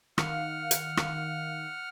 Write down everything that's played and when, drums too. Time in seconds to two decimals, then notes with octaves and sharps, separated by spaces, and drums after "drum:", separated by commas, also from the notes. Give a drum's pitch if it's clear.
0.18 D#3 F5 F#5 F6, drum: rim click
0.71 drum: hi-hat
0.97 drum: rim click